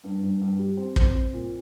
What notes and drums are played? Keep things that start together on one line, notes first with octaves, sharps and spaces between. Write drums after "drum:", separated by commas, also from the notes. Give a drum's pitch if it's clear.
G2
G2
G2
G3
C4
C4, drum: kick
C4
A#2